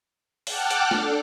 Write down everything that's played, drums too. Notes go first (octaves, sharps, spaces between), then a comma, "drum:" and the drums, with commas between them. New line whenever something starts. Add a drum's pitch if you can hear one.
F#5 G5 A5 D6 F6 F#6, drum: open hi-hat
drum: hi-hat
D4 A4, drum: snare